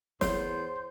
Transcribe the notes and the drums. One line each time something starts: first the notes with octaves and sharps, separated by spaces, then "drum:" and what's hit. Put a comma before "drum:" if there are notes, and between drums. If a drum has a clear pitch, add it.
E2 C5 C#5 C6, drum: snare